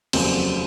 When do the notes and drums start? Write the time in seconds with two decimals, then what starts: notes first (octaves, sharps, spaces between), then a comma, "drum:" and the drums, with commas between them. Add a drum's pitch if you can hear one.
0.13 F1 D#2 C#3 F#3 C4, drum: cymbal